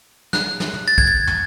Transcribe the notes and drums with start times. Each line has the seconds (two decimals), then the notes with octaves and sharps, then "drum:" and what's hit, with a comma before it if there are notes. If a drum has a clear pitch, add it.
0.33 F#6, drum: snare
0.60 drum: snare
0.74 drum: tom
0.88 A6
0.98 G#6, drum: kick A#1
1.07 A6
1.27 drum: tom